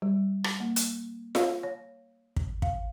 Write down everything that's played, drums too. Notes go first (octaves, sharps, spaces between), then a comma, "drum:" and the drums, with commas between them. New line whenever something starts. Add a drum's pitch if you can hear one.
G3
drum: rim click
A#3
drum: hi-hat
F5, drum: snare F4
C#5
drum: kick
F5, drum: kick